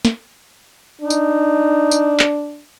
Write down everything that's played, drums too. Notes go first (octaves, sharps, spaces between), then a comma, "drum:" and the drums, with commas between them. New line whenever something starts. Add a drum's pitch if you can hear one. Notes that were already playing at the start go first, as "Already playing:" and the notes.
drum: snare
D4 D#4
drum: tambourine
drum: tambourine
drum: clap